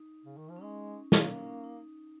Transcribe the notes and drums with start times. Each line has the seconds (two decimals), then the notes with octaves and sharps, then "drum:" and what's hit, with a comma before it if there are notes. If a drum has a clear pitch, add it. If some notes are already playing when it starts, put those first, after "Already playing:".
Already playing: D#4
0.25 C#3
0.37 D#3
0.50 F3
0.56 C#4
0.61 G#3 D#4
1.12 A#3 C#4, drum: snare
1.21 D#4
1.29 C#4
1.38 D#4
1.47 C#4
1.64 D#4